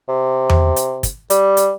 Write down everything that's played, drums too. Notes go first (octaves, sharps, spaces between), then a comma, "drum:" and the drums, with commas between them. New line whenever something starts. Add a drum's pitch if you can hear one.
C3
drum: tom E2
drum: hi-hat
drum: kick, hi-hat
G3, drum: hi-hat
drum: hi-hat